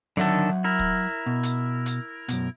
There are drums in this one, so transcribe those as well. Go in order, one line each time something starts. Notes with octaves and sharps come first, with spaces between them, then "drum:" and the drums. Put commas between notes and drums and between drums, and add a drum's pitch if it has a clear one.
D3 D#3 F#3 A4 E5 F#5
E4 A#4
drum: kick
B2
drum: hi-hat
drum: hi-hat
F#2 B2, drum: hi-hat